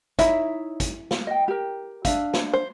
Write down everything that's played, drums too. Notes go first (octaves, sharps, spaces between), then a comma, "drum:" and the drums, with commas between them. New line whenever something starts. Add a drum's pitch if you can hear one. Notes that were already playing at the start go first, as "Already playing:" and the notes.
D#4 E4 C#5 E5, drum: kick, hi-hat
drum: kick, hi-hat
drum: snare
D#5 G5
G4 A#4
D4 E5 F5, drum: kick, hi-hat
drum: snare
C5